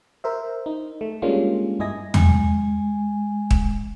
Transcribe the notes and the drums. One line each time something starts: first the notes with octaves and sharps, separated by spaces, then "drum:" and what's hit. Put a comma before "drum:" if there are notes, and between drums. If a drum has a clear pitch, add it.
A#4 C5 E5
D#4
A3
G3 G#3 A#3 C#4 D4 F4
G2 E4 D#5 G#5 A#6
G#3 G#5, drum: tom
drum: kick